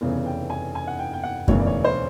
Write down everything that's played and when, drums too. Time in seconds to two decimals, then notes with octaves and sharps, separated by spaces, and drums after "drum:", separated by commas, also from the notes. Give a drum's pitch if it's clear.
0.01 F1 E2 C#3 E3
0.26 G5
0.50 G#5
0.75 G#5
0.87 F#5
0.99 G5
1.13 G5
1.23 F#5
1.48 E1 D2 C#3 E3 C#5, drum: kick F#2
1.60 D5
1.67 C#5
1.84 C5